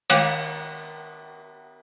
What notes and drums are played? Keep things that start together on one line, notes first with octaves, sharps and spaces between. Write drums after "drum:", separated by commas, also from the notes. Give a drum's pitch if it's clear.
D#3 G#3 F5 G5 D6, drum: cymbal